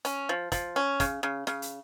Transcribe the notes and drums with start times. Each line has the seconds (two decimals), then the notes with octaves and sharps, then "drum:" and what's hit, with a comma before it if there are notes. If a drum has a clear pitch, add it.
0.05 C#4, drum: hi-hat
0.29 F3
0.52 F3, drum: kick, hi-hat
0.76 C#4
1.00 C#3, drum: kick, hi-hat
1.23 C#3
1.47 C#3, drum: snare
1.62 drum: hi-hat